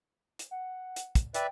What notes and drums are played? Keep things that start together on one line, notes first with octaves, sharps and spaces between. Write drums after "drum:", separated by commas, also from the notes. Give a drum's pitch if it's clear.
drum: hi-hat
F#5
drum: hi-hat
drum: kick, hi-hat
B4 D5 E5 G5, drum: hi-hat